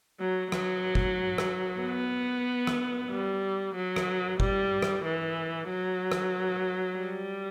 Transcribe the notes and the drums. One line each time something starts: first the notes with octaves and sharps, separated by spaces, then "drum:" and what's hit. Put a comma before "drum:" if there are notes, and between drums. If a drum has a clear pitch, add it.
F#3
F#3, drum: rim click
drum: kick
drum: rim click
B3
drum: rim click
G3
F#3
drum: rim click
G3, drum: kick
drum: rim click
E3
F#3
drum: rim click
G3